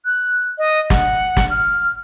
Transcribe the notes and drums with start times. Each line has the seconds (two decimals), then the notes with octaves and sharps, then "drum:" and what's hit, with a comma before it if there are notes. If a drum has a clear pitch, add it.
0.05 F#6
0.58 D#5
0.90 F#5, drum: snare
1.37 drum: snare
1.50 F6